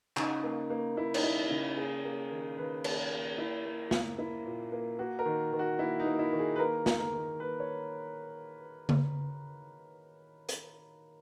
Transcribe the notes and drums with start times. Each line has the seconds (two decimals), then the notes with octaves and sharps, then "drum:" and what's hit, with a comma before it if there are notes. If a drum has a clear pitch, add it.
0.17 C#3 D#4, drum: clap
0.43 A#3
0.70 A#3
0.97 A#3 E4
1.14 D#4, drum: cymbal
1.23 A#3 E4
1.51 C#3 E4
1.77 A#3 G#4
2.04 A#3
2.31 D#3
2.58 D#3 B4
2.84 A#3, drum: cymbal
2.98 A#4
3.11 A#3
3.38 A#3 E4
3.65 A#3
3.91 A#3, drum: snare
4.18 A#3 E4
4.45 A#2
4.72 A#3
4.99 A#3 F#4
5.19 A#4
5.25 D#3
5.53 D#3
5.59 F#4
5.79 A#3 E4
5.99 D#4
6.06 A#3
6.19 E4
6.33 D#3
6.39 G#4
6.56 B4
6.59 A#3 A#4
6.86 A#3, drum: snare
7.00 A#4
7.13 D#3
7.40 A#3 B4
7.60 C#5
8.89 drum: tom C#3
10.49 drum: hi-hat